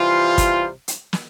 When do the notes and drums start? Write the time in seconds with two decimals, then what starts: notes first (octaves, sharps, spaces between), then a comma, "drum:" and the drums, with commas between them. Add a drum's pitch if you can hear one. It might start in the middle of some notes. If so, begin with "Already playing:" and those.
Already playing: C3 E3 G3 F4
0.38 drum: kick, hi-hat
0.88 drum: hi-hat
1.13 drum: snare